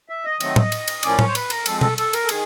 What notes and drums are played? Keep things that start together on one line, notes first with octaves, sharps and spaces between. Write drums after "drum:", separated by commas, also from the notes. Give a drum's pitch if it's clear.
E5
D#5
D#3 F#3 A3 C4, drum: cymbal
drum: tom
drum: cymbal
drum: cymbal
A2 F3 A#3 C#4 D5, drum: cymbal
C#5, drum: tom
C5
B4, drum: cymbal
A#4, drum: cymbal
F3 G#3 C4 A4, drum: cymbal
A4, drum: tom B2
A4, drum: cymbal
A#4, drum: cymbal
A4
D#3 G#4, drum: cymbal